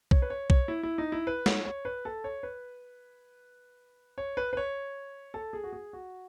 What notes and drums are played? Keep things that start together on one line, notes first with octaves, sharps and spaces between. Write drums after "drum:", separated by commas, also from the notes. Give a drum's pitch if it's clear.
C#5, drum: kick B1
B4
C#5
C#5, drum: kick B1
E4
E4
D#4
E4
B4
C#5, drum: snare
C#5
B4
A4
C#5
B4
C#5
B4
B4
C#5
A4
G#4
F#4
G#4
F#4